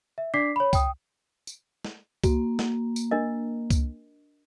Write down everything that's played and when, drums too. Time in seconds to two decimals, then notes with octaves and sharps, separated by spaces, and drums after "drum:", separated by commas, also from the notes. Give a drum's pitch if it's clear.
0.18 E5
0.34 D4 D5 D6 B6 C7
0.56 C#5 B5
0.73 G5 D#6, drum: kick, tambourine
1.47 drum: tambourine
1.85 drum: snare
2.24 A#3 F#4, drum: kick, tambourine
2.59 drum: snare
2.96 drum: tambourine
3.11 D4 A#4 D#5
3.70 drum: kick, tambourine